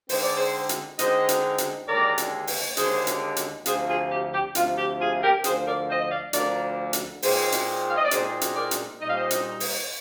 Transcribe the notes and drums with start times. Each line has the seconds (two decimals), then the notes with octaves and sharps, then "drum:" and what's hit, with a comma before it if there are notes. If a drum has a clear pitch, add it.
0.09 D3 G#3 C4 D#4 C5, drum: open hi-hat
0.23 D5
0.36 G#4 C5
0.69 drum: hi-hat
0.99 D3 G#3 C4 D#4 C5 D#5, drum: hi-hat
1.29 drum: hi-hat
1.58 drum: hi-hat
1.88 D#2 D3 G#3 A#4 D5
2.18 drum: hi-hat
2.47 drum: open hi-hat
2.77 D#2 D3 G#3 G#4 C5, drum: hi-hat
3.07 drum: hi-hat
3.37 drum: hi-hat
3.66 D2 C3 F3 G#4 C5, drum: hi-hat
3.88 F4 G#4
4.10 G4
4.32 G4
4.55 D2 C3 F3 F4, drum: hi-hat
4.78 G4
5.00 F4 G#4
5.22 G4 A#4
5.44 D2 D3 F3 G#4 C5, drum: hi-hat
5.67 A#4 D5
5.89 C5 D#5
6.01 D#5
6.11 D5 F5
6.33 D2 D3 F3 A#4 D5, drum: hi-hat
6.93 drum: hi-hat
7.22 A#2 G#3 C4 D#4 G#4 C5, drum: open hi-hat
7.52 drum: hi-hat
7.88 F5
7.97 D#5
8.04 D5
8.11 A#2 G#3 C4 D#4 G#4 C5, drum: hi-hat
8.41 drum: hi-hat
8.56 A#4 D5
8.71 drum: hi-hat
9.01 A#2 G3 C4 D#4 D#5
9.08 F5
9.16 C5 D#5
9.31 drum: hi-hat
9.60 drum: open hi-hat